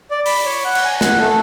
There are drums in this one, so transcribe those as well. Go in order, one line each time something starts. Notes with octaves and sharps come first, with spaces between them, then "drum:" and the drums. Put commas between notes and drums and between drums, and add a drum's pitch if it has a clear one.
D5
B5, drum: open hi-hat
C#5
F#5
drum: cymbal
G#5
F#5, drum: snare
A3